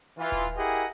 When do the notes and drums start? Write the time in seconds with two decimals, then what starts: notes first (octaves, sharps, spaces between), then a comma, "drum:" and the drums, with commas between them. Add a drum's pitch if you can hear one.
0.18 E3 F4
0.32 drum: kick D#1, hi-hat
0.46 drum: hi-hat
0.57 E4 G4 G#4 A#4 D#5 F#5
0.74 drum: open hi-hat